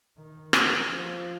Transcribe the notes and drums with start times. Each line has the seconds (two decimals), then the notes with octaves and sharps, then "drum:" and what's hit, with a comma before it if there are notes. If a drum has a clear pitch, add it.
0.18 D#3
0.53 drum: rim click
0.89 F3